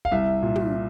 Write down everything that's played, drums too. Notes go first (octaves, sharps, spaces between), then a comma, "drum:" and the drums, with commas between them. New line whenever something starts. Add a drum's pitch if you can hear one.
F5, drum: kick
C2 E5
A#2
drum: tom